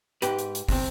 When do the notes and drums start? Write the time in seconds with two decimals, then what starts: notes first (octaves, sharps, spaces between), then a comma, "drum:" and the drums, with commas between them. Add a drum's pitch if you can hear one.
0.22 G#2 G4 B4, drum: hi-hat
0.39 drum: hi-hat
0.55 drum: hi-hat
0.69 C3 C4, drum: kick, open hi-hat